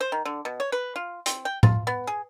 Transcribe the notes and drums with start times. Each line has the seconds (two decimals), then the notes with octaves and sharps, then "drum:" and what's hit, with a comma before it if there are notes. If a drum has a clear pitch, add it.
0.01 C5
0.12 D#3
0.25 D3
0.45 B2
0.60 C#5
0.72 B4
0.96 F4
1.26 C4, drum: hi-hat
1.45 G5
1.63 F4, drum: tom A2
1.87 B3
2.07 G#4